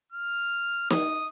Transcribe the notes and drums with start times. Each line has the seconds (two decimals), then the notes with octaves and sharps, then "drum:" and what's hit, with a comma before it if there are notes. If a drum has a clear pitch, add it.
0.12 F6
0.90 D#6, drum: snare